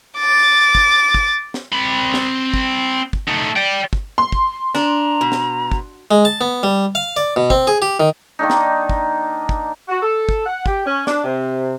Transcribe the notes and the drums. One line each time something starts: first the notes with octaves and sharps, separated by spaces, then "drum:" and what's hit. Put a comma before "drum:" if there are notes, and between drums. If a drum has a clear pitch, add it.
D6 A6
drum: kick
drum: kick
drum: snare
C4 B5
drum: snare
drum: kick
drum: kick
A3 D#4
D5 G5
drum: kick
C6
drum: kick
D4 A#5, drum: snare
B2
drum: snare
drum: kick
G#3
A5
B3
G3
F5
D5
B2
C4, drum: kick
G#4
G4
D#3
D#3 A#3 D4 D#4
drum: snare
drum: kick
drum: kick
F#4
A4
drum: kick
F#5
G4, drum: kick
C#4
D4, drum: snare
C3